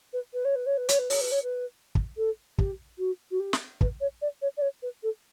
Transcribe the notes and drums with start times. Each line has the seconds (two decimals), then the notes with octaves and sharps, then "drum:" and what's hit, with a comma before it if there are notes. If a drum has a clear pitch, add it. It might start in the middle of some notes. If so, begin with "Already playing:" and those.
0.13 B4
0.34 B4
0.45 C#5
0.55 B4
0.66 C#5
0.77 B4
0.89 C#5, drum: hi-hat
0.99 B4
1.10 C#5, drum: open hi-hat
1.21 B4
1.32 C#5
1.43 B4
1.95 drum: kick
2.17 A4
2.58 G4, drum: kick
2.98 F#4
3.31 F#4
3.40 G4
3.53 drum: snare
3.81 B4, drum: kick
4.01 C#5
4.22 D5
4.42 C#5
4.57 D5
4.61 C#5
4.82 B4
5.03 A4